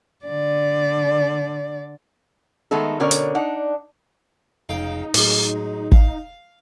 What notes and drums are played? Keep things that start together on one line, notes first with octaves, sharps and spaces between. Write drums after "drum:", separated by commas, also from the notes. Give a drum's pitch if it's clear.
D3 D5
D#3 G#3 A3 B3 D#4 A4
B2 D3 C#4 A#4 C#5 D5
drum: hi-hat
D4 D#4 F#5
F1 C#2 D#4 F5 G5
A2 F#3 G#3, drum: open hi-hat
F5, drum: kick